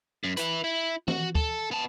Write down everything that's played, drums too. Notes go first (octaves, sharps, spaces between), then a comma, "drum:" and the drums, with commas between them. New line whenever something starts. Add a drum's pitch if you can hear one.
F#2
E4 B4, drum: hi-hat
E4
F#4, drum: tom E3
A4, drum: kick
B3 A5